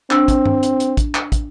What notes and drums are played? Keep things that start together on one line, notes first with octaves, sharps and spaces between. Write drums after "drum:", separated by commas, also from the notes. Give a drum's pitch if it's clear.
C4 D4 E6, drum: clap
drum: kick, hi-hat
drum: tom G2
drum: hi-hat
drum: hi-hat
drum: kick, hi-hat
drum: clap
drum: kick, hi-hat